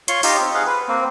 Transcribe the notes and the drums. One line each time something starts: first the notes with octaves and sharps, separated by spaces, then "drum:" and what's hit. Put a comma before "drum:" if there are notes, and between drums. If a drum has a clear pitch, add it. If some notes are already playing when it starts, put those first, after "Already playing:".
F4 C#5 C6 C#6, drum: hi-hat
D#4 F4 G4, drum: open hi-hat
C4
G#4 F5 F#5
B4
A#3 C4